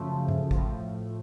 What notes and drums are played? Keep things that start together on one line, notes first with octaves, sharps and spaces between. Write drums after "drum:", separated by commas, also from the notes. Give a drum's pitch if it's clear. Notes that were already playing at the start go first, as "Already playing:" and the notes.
Already playing: F#2 C#3 F3 A3
drum: tom G2
A2 F3, drum: kick